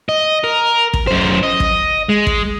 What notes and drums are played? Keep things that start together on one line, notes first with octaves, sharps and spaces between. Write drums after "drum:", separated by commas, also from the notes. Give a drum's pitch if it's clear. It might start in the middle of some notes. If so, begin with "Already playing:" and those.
D#5
A#4
drum: kick
F#2 C5
D#5
drum: kick
G#3
drum: kick